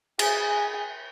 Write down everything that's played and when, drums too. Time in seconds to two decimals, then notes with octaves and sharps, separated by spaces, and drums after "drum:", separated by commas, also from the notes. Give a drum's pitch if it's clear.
0.19 G#4 G#5, drum: cymbal